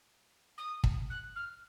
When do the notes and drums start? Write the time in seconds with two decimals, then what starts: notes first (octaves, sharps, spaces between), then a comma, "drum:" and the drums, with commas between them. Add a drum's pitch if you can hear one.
0.58 D#6
0.84 drum: kick
1.10 F#6
1.36 F6